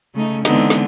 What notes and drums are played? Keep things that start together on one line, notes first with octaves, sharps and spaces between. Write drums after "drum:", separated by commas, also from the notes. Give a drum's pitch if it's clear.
C#3 A3 D#4
D3 E3 G#3 B3 C4 D#4, drum: snare
drum: snare